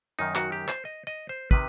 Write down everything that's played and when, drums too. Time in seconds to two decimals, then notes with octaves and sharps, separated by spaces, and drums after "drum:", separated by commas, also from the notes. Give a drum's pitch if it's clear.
0.19 F#2 D#3 D#4
0.35 F#4, drum: clap
0.52 G4
0.69 C5, drum: clap
0.85 D#5
1.07 D#5
1.29 C5
1.51 C3 D#3 B4, drum: kick